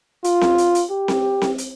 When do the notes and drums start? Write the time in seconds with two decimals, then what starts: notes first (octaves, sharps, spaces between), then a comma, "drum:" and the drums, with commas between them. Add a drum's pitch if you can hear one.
0.24 F4, drum: hi-hat
0.41 drum: snare C4
0.58 drum: hi-hat
0.75 drum: hi-hat
0.91 G4
1.08 drum: snare C4
1.42 drum: snare C4
1.58 drum: hi-hat